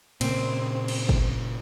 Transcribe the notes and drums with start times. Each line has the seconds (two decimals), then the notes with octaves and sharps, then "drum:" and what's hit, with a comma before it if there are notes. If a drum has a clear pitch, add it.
0.21 A#2 C#3 A#3 C4, drum: cymbal
0.88 drum: cymbal
1.09 drum: kick